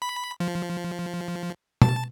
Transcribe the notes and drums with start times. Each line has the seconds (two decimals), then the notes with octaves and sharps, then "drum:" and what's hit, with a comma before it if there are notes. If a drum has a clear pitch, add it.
0.02 B5
0.40 F3
1.82 A5, drum: tom